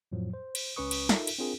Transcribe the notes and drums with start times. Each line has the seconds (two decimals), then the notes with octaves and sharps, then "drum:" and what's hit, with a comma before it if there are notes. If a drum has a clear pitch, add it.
0.12 F2 A2 F3 F#3
0.33 C5
0.55 drum: cymbal
0.76 C#2 C#4 B4 C#6 D#6
0.91 drum: cymbal
1.09 D#4 F4 A4 A#4 E5, drum: snare
1.27 drum: cymbal
1.38 C4 D4 F4 G#4 A#4